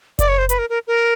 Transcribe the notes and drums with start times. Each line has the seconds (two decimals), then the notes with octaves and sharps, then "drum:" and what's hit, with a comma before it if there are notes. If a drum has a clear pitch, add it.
0.19 D5, drum: kick F#1, hi-hat
0.28 C#5
0.38 C5
0.49 B4, drum: hi-hat
0.59 A#4
0.70 A#4
0.87 A#4